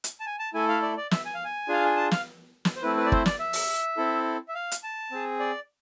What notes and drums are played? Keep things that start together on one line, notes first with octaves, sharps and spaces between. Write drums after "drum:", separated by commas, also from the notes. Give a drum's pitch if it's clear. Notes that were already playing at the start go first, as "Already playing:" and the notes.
drum: hi-hat
A5
G#5
A5
A3 E4 A4 G#5
F5
D5
D5
E5, drum: snare
G#5
F5
G#5
D4 F4 G#4 F5
G#5
A5
F5, drum: snare
drum: snare
C5
A3 C4 E4 B4
B4
D5
C5, drum: kick
D5, drum: snare
E5
drum: open hi-hat
C4 E4 A4
E5
F5
drum: hi-hat
A5
C4 G#4
D5